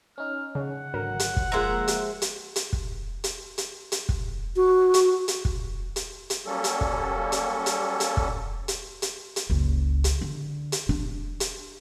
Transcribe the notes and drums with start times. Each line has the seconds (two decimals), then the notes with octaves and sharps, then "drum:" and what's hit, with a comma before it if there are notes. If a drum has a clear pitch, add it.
0.18 C#4 D#4 F6
0.55 C#3 F#5
0.94 G#1 D3 F#3 A#4
1.20 drum: hi-hat
1.37 drum: kick
1.52 F3 G#3 A#3 C5 E5 A#5
1.88 drum: hi-hat
2.22 drum: hi-hat
2.56 drum: hi-hat
2.73 drum: kick
3.24 drum: hi-hat
3.58 drum: hi-hat
3.92 drum: hi-hat
4.09 drum: kick
4.56 F#4
4.94 drum: hi-hat
5.28 drum: hi-hat
5.45 drum: kick
5.96 drum: hi-hat
6.30 drum: hi-hat
6.46 F#3 G3 A#3 C#4 A4
6.64 drum: hi-hat
6.81 drum: kick
7.32 drum: hi-hat
7.66 drum: hi-hat
8.00 drum: hi-hat
8.17 drum: kick
8.68 drum: hi-hat
9.02 drum: hi-hat
9.36 drum: hi-hat
9.50 F#1 C#2
10.04 drum: hi-hat
10.21 D3
10.72 drum: hi-hat
10.89 D4, drum: kick
11.40 drum: hi-hat